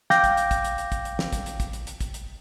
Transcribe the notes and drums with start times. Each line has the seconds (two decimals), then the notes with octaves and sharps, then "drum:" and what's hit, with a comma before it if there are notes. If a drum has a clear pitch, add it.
0.10 F5 G5 D6 G6 A#6, drum: snare
0.24 drum: kick, hi-hat
0.37 drum: hi-hat
0.51 drum: kick, hi-hat
0.65 drum: hi-hat
0.78 drum: hi-hat
0.92 drum: kick, hi-hat
1.05 drum: hi-hat
1.19 drum: snare
1.33 drum: kick, hi-hat
1.46 drum: hi-hat
1.60 drum: kick, hi-hat
1.73 drum: hi-hat
1.87 drum: hi-hat
2.01 drum: kick, hi-hat
2.14 drum: hi-hat